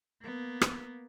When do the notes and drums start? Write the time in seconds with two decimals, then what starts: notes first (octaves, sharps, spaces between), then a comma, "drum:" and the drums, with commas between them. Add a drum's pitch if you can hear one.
0.23 A#3 B3
0.61 drum: rim click